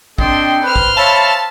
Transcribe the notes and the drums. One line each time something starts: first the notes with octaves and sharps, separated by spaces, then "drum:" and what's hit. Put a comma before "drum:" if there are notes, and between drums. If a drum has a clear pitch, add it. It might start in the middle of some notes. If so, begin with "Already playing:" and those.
C4 D4 A4 D#5 G5 C6, drum: kick
B4 C5 F6
drum: kick
C#5 E5 F5 A5 B5